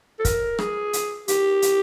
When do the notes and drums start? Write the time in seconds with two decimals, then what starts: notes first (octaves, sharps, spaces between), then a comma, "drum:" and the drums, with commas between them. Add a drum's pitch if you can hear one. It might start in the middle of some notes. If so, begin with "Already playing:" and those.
0.19 A4
0.25 A#4, drum: kick, hi-hat
0.59 G#4, drum: rim click
0.93 drum: hi-hat
1.28 G4, drum: hi-hat
1.62 drum: hi-hat